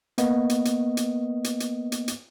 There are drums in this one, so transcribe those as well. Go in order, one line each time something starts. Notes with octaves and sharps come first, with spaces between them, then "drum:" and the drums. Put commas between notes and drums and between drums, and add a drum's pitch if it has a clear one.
A#3 B3 D#5, drum: hi-hat
drum: hi-hat
drum: hi-hat
drum: hi-hat
drum: hi-hat
drum: hi-hat
drum: hi-hat
drum: hi-hat